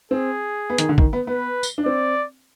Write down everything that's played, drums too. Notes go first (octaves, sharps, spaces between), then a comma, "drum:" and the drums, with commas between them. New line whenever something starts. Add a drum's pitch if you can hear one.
C4 G#4
B3
D#3, drum: hi-hat
D3
D#3, drum: kick
B3
B3 B4
drum: tambourine
D4
C4 D5